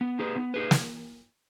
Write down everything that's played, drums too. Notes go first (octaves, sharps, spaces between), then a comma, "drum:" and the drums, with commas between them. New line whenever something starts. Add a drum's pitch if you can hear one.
B3
D#4 G#4 B4
B3
D#4 G#4 B4
drum: snare